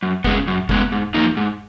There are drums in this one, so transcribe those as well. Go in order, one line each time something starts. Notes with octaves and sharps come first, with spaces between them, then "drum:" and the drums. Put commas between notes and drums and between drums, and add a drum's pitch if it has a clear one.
F#2
C#3 G#3 B3, drum: kick F#1
F#2
C#3 G#3 B3, drum: kick F#1
G#2
F3 A#3 D#4
G#2